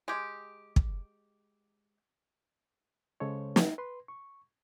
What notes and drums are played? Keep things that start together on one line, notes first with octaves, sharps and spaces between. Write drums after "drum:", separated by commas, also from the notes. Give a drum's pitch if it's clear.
G#3 G4
drum: kick
C#3 G#3 A4 C5 C#5
drum: snare
B4 C6
C#6